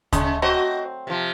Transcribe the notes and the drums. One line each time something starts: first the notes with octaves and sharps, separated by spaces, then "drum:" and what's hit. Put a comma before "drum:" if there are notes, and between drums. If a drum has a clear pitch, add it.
C#3 G#3 A3, drum: kick D2, hi-hat
F#3 A3 C4 F#4 C5 D#5
C3 F3